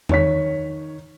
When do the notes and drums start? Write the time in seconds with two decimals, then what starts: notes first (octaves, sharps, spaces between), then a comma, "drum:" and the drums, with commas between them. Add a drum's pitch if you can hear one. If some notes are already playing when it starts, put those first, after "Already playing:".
0.09 D#3 C#5 B6, drum: tom E2